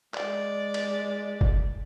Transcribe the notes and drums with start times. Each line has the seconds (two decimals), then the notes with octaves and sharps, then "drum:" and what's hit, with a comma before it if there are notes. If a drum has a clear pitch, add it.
0.14 G#3 D5, drum: clap
0.74 drum: cymbal
1.41 drum: kick